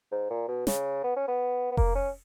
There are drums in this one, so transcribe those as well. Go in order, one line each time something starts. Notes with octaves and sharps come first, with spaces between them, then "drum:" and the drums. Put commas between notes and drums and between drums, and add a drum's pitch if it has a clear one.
G#2
A#2
B2
C#3, drum: snare
B3
C#4
B3
B3
A#3, drum: kick F1
C#4